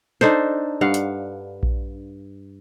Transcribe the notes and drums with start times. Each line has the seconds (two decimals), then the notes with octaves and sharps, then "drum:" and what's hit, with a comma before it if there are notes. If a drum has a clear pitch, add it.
0.21 D4 D#4 A4 C5, drum: snare
0.81 G2 F5 F#5
0.94 drum: hi-hat
1.63 drum: kick A#1